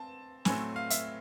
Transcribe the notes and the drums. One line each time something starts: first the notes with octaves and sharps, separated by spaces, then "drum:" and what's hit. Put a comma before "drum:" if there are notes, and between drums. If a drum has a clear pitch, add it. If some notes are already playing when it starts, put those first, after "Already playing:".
Already playing: C4 A5
A2 F#3 A3 C4 G#5, drum: snare
F5
E5, drum: hi-hat